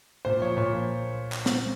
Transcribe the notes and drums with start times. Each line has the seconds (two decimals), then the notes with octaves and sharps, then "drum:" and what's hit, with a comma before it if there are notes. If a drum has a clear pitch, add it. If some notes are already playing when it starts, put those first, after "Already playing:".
0.25 A#2 C5
0.41 F3 C#5
0.57 A#2 C#5
0.74 F3
1.32 drum: clap
1.46 drum: snare